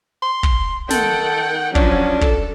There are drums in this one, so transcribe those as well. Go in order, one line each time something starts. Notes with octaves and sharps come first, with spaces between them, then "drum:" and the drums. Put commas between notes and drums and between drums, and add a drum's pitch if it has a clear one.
C6
drum: kick
D#3 A4 F#5 G5, drum: snare
F3 F#3 C#4 D4, drum: kick
A4, drum: kick